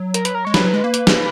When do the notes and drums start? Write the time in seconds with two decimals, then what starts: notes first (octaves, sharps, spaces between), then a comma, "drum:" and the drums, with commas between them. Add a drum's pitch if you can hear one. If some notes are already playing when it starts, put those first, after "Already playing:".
Already playing: F#3
0.14 A#4, drum: hi-hat
0.25 B4, drum: hi-hat
0.34 A#4
0.45 G#3 C#5
0.54 F#3 B4, drum: snare
0.64 F#3
0.74 G#3
0.84 A#3
0.94 drum: hi-hat
1.07 drum: snare